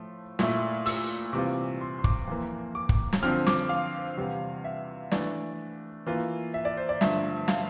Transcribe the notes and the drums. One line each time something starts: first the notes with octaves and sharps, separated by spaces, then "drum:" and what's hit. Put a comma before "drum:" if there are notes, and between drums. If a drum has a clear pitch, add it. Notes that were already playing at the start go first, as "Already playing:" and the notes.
Already playing: A2 F3 A3
A#2 A3 E4, drum: snare
E6, drum: open hi-hat
C3 E3 G3 C4 F4 D6
C6
C6
D6, drum: kick
F2 E3 A#3
D6
drum: kick
drum: snare
D3 F3 C4 F6
D6, drum: snare
F5
E2 C3 G3
E5
E3 A3 D4 D5, drum: snare
E3 A#3 F4
E5
D5
C5
D5
G2 D3 F3 A3 E5, drum: snare
F5, drum: snare